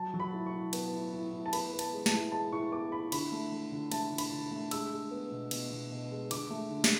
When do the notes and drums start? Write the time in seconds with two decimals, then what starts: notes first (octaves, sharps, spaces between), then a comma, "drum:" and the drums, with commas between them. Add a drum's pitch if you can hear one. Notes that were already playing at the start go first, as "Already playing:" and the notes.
Already playing: F#3 A5
0.14 F#3
0.20 B5
0.33 A2
0.46 C#6
0.54 A2
0.73 B3, drum: cymbal
0.93 A2
1.13 A2
1.33 A2
1.46 A5
1.53 B3 B5, drum: cymbal
1.72 B3
1.79 A5, drum: cymbal
1.93 G#3
2.06 A5, drum: snare
2.13 A2
2.32 G#3 A5
2.52 A2 C#6
2.72 B3 D6
2.92 A2 B5
3.12 D3 B5, drum: cymbal
3.32 A3
3.52 A3
3.72 D3
3.92 A3 A5, drum: cymbal
4.12 D3
4.18 B5, drum: cymbal
4.32 D3
4.51 A3
4.71 G#3 E6, drum: cymbal
4.92 G#3
5.11 B3
5.31 B2
5.51 B2, drum: cymbal
5.71 B2
5.91 B2
6.11 G#3
6.31 D3 D6, drum: cymbal
6.50 A3
6.70 D3
6.84 drum: snare